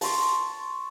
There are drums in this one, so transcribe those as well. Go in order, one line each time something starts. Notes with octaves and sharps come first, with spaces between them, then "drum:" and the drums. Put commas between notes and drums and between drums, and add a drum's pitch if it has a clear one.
A5 C6 C#6, drum: open hi-hat